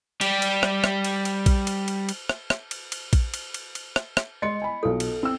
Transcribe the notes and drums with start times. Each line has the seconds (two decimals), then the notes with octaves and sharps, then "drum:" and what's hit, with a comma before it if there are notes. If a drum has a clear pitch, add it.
0.21 G3 G4, drum: cymbal
0.42 drum: cymbal
0.63 drum: rim click
0.84 drum: rim click
1.04 drum: cymbal
1.25 drum: cymbal
1.46 drum: kick A#1, cymbal
1.67 drum: cymbal
1.88 drum: cymbal
2.09 drum: cymbal
2.29 drum: rim click
2.50 drum: rim click
2.71 drum: cymbal
2.92 drum: cymbal
3.13 drum: kick A#1, cymbal
3.34 drum: cymbal
3.54 drum: cymbal
3.75 drum: cymbal
3.96 drum: rim click
4.17 drum: rim click
4.42 G#3 D#5 C6 C#7
4.62 G#5 B5
4.83 B1 F4 A4
5.00 drum: cymbal
5.23 C4 E6